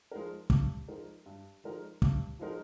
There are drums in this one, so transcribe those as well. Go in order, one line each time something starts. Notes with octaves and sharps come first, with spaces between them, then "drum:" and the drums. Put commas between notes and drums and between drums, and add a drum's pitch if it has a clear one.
F3 G#3 D#4 A#4
G2, drum: kick
F3 G#3 D#4 A#4
G2
F3 G#3 D#4 A#4
G2, drum: kick
F3 G#3 D#4 A#4